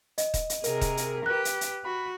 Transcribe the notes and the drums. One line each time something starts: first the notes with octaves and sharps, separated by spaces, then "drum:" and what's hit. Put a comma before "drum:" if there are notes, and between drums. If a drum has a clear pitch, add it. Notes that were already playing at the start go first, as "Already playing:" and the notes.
D#5, drum: hi-hat
drum: kick D#1, hi-hat
drum: hi-hat
C3 G#4 A#4, drum: hi-hat
drum: kick D#1, hi-hat
drum: hi-hat
G4 B4 F#6
drum: hi-hat
drum: hi-hat
F#4 B5